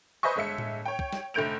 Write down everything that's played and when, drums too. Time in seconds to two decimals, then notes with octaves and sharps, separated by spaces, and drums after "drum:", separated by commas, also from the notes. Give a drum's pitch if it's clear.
0.23 B4 C5 D#5 E5 G#5 C#6
0.36 G1 G#3 E5 C#7
0.58 drum: tom A2
0.85 C#5 G5
0.99 drum: kick
1.13 drum: snare
1.34 F1 D3 A3 G6 D7 F7